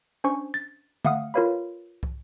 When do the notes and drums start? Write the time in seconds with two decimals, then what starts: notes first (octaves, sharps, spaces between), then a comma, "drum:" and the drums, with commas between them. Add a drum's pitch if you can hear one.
0.24 C#4 D4 C5 G#5 C#6
0.54 A6
1.05 A3 F5 F#5 D#6 F6, drum: tom D3
1.34 F4 A#4 B4 C#5 F5 B5
2.03 drum: kick